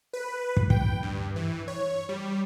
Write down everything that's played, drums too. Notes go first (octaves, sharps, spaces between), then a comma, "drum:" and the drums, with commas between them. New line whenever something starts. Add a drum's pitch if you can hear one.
B4
drum: kick
G5, drum: kick
G2
E3
C#5
G3